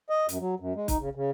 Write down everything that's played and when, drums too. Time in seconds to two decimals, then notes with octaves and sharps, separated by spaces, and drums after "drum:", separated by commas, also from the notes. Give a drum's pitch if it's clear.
0.10 D#5
0.29 F#2, drum: hi-hat
0.40 F#3
0.60 F#2
0.75 G#3
0.88 D#4, drum: kick, hi-hat
0.99 C#3
1.15 C#3